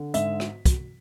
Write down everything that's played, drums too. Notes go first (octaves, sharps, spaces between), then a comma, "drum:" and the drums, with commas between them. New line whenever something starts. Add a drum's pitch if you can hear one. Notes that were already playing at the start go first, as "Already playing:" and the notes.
Already playing: D3
G#2 E5, drum: hi-hat
drum: rim click
drum: kick, hi-hat